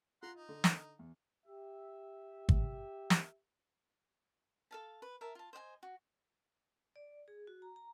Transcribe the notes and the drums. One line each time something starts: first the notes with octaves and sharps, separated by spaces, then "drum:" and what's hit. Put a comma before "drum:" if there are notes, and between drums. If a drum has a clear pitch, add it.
F4 F#5 A#5 C6
D#4
D3
drum: snare
E2
G4 E5
drum: kick
drum: snare
A4 F5 A5
B4
A#4 E5 A5
F4 A5
C5 D#5 F#5 G#5
F#4
D5
G#4
F#4
A#5
A#5